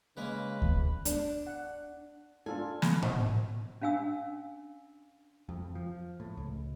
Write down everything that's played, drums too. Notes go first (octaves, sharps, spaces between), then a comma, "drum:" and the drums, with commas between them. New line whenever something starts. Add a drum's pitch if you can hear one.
C#3 G#3 A#3 B4
drum: kick D2
D4, drum: hi-hat
F#5
D4 F4 A4 G#5
drum: snare
drum: tom A2
C#4 D4 F5 G#5 E6
F2
F3
A2
C#2